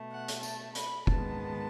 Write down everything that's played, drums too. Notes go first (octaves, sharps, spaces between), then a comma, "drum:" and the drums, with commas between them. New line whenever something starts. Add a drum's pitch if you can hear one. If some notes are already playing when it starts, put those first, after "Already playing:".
Already playing: B2 A3
F#5
drum: hi-hat
A5, drum: tambourine
B5, drum: hi-hat
G#2 D#3 G#3 B3 A5, drum: kick F1